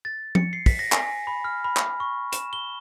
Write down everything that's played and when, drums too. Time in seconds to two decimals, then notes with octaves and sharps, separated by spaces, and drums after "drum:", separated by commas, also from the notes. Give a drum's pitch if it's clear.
0.05 A6
0.35 C#7, drum: tom
0.53 C7
0.66 B6, drum: kick, open hi-hat
0.79 A#6
0.92 G#5, drum: clap
1.27 B5
1.44 F6
1.64 B5
1.77 drum: clap
2.00 C#6
2.32 E7, drum: hi-hat
2.53 G7